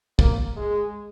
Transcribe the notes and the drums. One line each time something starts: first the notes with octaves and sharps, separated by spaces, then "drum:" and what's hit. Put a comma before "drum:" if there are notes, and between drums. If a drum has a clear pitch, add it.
A#3, drum: kick
G#3